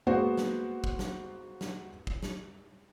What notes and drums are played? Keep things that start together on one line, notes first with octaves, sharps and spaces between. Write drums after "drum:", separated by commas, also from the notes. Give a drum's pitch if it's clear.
G#3 A#3 B3 F#4 C5
drum: snare
drum: kick
drum: snare
drum: snare
drum: kick
drum: snare